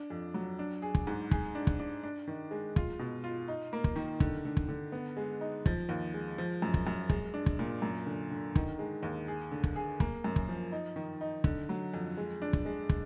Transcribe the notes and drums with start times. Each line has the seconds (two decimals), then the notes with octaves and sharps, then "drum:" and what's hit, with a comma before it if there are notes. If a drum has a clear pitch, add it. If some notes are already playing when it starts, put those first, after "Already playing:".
Already playing: D4
0.10 F2
0.34 F#3
0.59 D4
0.82 G#4
0.95 drum: kick
1.07 G#2
1.31 G#4, drum: kick
1.55 D4
1.67 drum: kick
1.80 D4
2.03 D4
2.28 D#3
2.51 G#3
2.76 F4, drum: kick
2.99 B2
3.24 F4
3.48 D#4
3.73 A#3
3.84 drum: kick
3.96 D#3
4.20 D3, drum: kick
4.45 D3
4.57 drum: kick
4.69 D3
4.92 B3
5.17 G#3
5.41 D#4
5.66 F3, drum: kick
5.89 D#2
6.14 G#3
6.38 F3
6.62 F#2
6.74 drum: kick
6.87 F#2
7.10 G#3, drum: kick
7.34 D4
7.46 drum: kick
7.59 A#2
7.82 F#2
8.06 D3
8.31 D3
8.56 D#3, drum: kick
8.79 G#3
9.03 D#2
9.28 G#4
9.51 D3
9.64 drum: kick
9.76 G#4
10.00 A#3, drum: kick
10.24 F#2
10.36 drum: kick
10.49 F3
10.72 D#4
10.96 D#3
11.21 D#4
11.44 D3, drum: kick
11.69 F#3
11.94 F2
12.17 G#3
12.42 D4
12.53 drum: kick
12.65 G#3
12.89 drum: kick